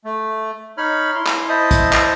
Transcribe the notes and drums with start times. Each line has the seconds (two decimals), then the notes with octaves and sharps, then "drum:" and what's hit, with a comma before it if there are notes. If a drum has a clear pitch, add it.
0.05 A3
0.78 D#4 C#5 B5 F6
1.15 E4 C6
1.27 drum: clap
1.49 E4 C5 D#5 E5 A5 D#6
1.71 drum: kick, hi-hat
1.93 drum: clap